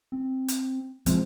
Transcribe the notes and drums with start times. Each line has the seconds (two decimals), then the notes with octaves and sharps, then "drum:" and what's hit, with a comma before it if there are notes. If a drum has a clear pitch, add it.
0.12 C4
0.49 drum: hi-hat
1.06 F3 G#3 C4, drum: hi-hat